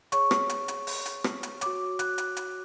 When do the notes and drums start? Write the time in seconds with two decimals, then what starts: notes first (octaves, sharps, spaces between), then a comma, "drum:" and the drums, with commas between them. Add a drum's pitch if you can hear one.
0.12 G#4 C#5 C#6, drum: hi-hat
0.31 drum: rim click
0.49 drum: hi-hat
0.68 drum: hi-hat
0.87 drum: open hi-hat
1.06 drum: hi-hat
1.24 drum: rim click
1.43 drum: hi-hat
1.61 F#4 C#5 D6, drum: hi-hat
1.99 F#6, drum: hi-hat
2.18 drum: hi-hat
2.37 drum: hi-hat